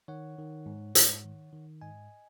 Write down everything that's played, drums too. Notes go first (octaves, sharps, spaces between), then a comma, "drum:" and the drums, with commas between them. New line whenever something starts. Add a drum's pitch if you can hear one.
D#3 C#5 F#5
D#3
G#2
G#2, drum: hi-hat
D#3
D#3
G#2 D#5 G#5